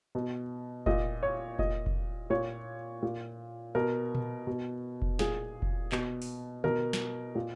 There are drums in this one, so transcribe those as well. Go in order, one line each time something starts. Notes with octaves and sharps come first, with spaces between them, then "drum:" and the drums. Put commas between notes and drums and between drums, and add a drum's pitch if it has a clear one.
B2
A#2 D#5, drum: kick F1
C#5
A#2 D#5, drum: kick F1
drum: kick F1
A#2 C#5
A#2
B2 A#4
drum: tom A#2
B2
drum: kick F1
A#2 G#4, drum: snare
drum: kick F1
B2, drum: clap
drum: open hi-hat
B2 A#4, drum: tom
drum: snare
A#2